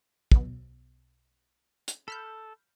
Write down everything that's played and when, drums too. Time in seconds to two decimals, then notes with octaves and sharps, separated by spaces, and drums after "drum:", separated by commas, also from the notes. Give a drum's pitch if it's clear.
0.32 B1 B2, drum: kick
1.88 drum: hi-hat
2.08 A4 B5 F6 G6